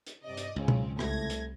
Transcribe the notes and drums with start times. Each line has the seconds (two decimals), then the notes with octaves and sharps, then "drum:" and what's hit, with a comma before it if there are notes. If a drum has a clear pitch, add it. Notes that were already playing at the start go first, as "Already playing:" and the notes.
0.07 drum: hi-hat
0.24 G2 C3 D5 D#5
0.37 drum: hi-hat
0.56 C#2 G#2 C#3 C4 C#4
0.68 drum: tom B2
0.99 C2 A3 G#6 A#6, drum: rim click
1.30 drum: hi-hat